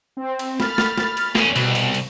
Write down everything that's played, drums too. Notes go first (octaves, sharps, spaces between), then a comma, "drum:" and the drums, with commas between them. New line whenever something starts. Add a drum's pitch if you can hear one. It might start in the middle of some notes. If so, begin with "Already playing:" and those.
C4
drum: cymbal
B5 F6 A6, drum: snare
drum: snare
drum: snare
drum: cymbal
E2 C#4, drum: snare
C2 B2, drum: cymbal
drum: cymbal
drum: cymbal